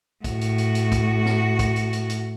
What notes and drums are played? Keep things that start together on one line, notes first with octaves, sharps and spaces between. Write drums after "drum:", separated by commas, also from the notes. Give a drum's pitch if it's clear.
A2 F#4, drum: kick, hi-hat
drum: hi-hat
drum: hi-hat
drum: hi-hat
drum: kick, hi-hat
drum: snare
drum: kick, hi-hat
drum: hi-hat
drum: hi-hat
drum: hi-hat